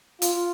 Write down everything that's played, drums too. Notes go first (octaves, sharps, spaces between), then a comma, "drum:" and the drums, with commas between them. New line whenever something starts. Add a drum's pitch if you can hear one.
F4, drum: hi-hat